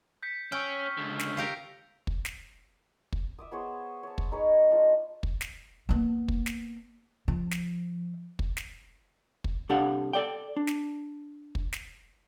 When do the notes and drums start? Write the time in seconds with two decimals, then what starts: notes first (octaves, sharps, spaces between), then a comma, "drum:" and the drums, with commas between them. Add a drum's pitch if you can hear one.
0.23 G6 B6 C#7
0.52 C#4 G5 C#6 E6 F6
0.98 C#2 D3
1.19 drum: snare
1.37 F4 G4 A#4
2.07 drum: kick
2.25 drum: snare
3.13 drum: kick
3.39 E5 D6 D#6
3.51 B3 G#4 C5 C#5
4.03 C#5 A5
4.18 drum: kick
4.32 D#4 G#4 B4 C#5
4.70 G#3 D4 F4
5.23 drum: kick
5.41 drum: snare
5.89 A#3 B3
6.28 drum: kick
6.46 drum: snare
7.28 F3
7.51 drum: snare
8.39 drum: kick
8.57 drum: snare
9.44 drum: kick
9.69 C2 D4 G4 A4 F5 F#5
10.13 A4 D5 G5
10.57 D4
10.67 drum: snare
11.55 drum: kick
11.73 drum: snare